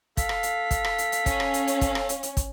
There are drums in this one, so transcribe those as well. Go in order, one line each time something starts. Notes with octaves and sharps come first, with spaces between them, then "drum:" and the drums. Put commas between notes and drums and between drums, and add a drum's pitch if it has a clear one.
A4 F5 B6, drum: kick, hi-hat
drum: rim click
drum: hi-hat
drum: kick, hi-hat
drum: rim click
drum: hi-hat
drum: hi-hat
C#4, drum: kick, hi-hat
drum: rim click
drum: hi-hat
drum: hi-hat
drum: kick, hi-hat
drum: rim click
drum: hi-hat
drum: hi-hat
drum: kick, hi-hat